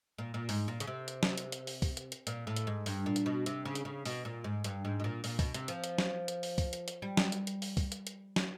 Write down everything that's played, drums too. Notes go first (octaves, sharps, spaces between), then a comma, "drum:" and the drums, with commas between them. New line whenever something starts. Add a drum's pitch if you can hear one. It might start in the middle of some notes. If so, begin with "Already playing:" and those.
A#2
A#2
G#2, drum: open hi-hat
A#2
C#3, drum: hi-hat
C3
drum: hi-hat
drum: snare
drum: hi-hat
drum: hi-hat
drum: open hi-hat
drum: kick, open hi-hat
drum: hi-hat
drum: hi-hat
A#2, drum: hi-hat
A2
drum: hi-hat
G#2
G2, drum: open hi-hat
A#2
drum: hi-hat
B2
C3, drum: hi-hat
C#3
drum: hi-hat
C#3
B2, drum: open hi-hat
A#2
G#2
G2, drum: hi-hat
G#2
B2
A#2
A#2, drum: open hi-hat
B2, drum: kick, open hi-hat
C3, drum: hi-hat
F3, drum: hi-hat
drum: hi-hat
drum: snare
drum: hi-hat
drum: open hi-hat
drum: kick, open hi-hat
drum: hi-hat
drum: hi-hat
G3
drum: snare
drum: hi-hat
drum: hi-hat
drum: open hi-hat
drum: kick, open hi-hat
drum: hi-hat
drum: hi-hat
drum: snare